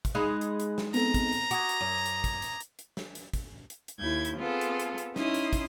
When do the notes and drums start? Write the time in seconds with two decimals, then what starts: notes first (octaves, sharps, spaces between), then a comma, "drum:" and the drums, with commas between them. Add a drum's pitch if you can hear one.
0.05 drum: kick, hi-hat
0.15 G#3 D#4 D#5 F5 B5 F#6
0.41 drum: hi-hat
0.60 drum: hi-hat
0.78 drum: snare
0.94 B3 C4 A4 A#5, drum: hi-hat
1.14 drum: kick, hi-hat
1.33 drum: hi-hat
1.51 F#4 D6 D#6 G#6, drum: hi-hat
1.69 drum: hi-hat
1.81 F#2
2.06 drum: hi-hat
2.24 drum: kick, hi-hat
2.42 drum: hi-hat
2.60 drum: hi-hat
2.79 drum: hi-hat
2.97 drum: snare
3.15 drum: hi-hat
3.33 drum: kick, hi-hat
3.70 drum: hi-hat
3.88 drum: hi-hat
3.99 D#2 E4 G6 G#6
4.25 drum: hi-hat
4.38 B3 C4 F4 G#4 A4
4.61 drum: hi-hat
4.80 drum: hi-hat
4.98 drum: hi-hat
5.16 C#4 D#4 E4 C6 D#6, drum: snare
5.34 drum: hi-hat
5.53 drum: kick, hi-hat